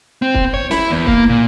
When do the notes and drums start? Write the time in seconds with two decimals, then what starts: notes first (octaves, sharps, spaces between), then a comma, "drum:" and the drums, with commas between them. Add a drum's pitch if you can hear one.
0.22 C4
0.34 drum: kick
0.54 C#5
0.71 E4, drum: snare
0.91 E2
1.07 A#3, drum: kick
1.29 A#2